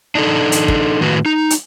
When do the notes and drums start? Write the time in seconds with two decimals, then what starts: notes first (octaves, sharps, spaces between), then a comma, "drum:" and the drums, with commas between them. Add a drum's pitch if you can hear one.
0.15 D4 D#4 A4
0.52 drum: hi-hat
0.68 drum: kick
1.01 A2 D#3 F#4 B4
1.26 D#4
1.50 drum: hi-hat